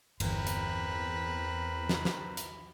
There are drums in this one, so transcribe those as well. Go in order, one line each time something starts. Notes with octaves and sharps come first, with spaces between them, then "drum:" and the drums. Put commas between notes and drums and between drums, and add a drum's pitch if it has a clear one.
G1 E2 E3 C4 A#4 B4 B5, drum: cymbal
drum: hi-hat
drum: snare
drum: snare
drum: hi-hat